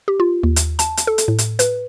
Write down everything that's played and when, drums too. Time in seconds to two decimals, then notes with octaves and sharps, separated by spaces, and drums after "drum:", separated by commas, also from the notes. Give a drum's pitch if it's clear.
0.08 G4
0.20 F4
0.43 D#2
0.56 drum: hi-hat
0.79 A5, drum: hi-hat
0.97 drum: hi-hat
1.07 A4
1.18 drum: hi-hat
1.28 A2
1.38 drum: hi-hat
1.59 B4, drum: hi-hat